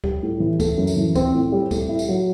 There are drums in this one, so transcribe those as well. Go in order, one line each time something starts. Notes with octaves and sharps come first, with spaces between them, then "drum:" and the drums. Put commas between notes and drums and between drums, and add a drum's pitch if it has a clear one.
G3, drum: kick C#2
A2
E3
A3, drum: kick C#2, tambourine
F#2
drum: tambourine
E3
C4, drum: kick C#2, tambourine
A2
G3
A3, drum: kick C#2, tambourine
E4
drum: tambourine
F#3